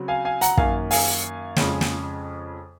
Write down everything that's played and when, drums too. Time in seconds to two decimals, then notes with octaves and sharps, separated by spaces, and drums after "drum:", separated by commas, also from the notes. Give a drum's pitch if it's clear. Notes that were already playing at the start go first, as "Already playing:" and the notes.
Already playing: C#3 F#3 C4
0.08 F5 G#5
0.25 F5 G#5
0.41 F#5 A#5, drum: hi-hat
0.57 F#2 D#3 A#3 F5 G#5, drum: kick
0.91 F5 G#5, drum: open hi-hat
1.56 F2 C#3 G#3 C#4, drum: snare
1.81 drum: snare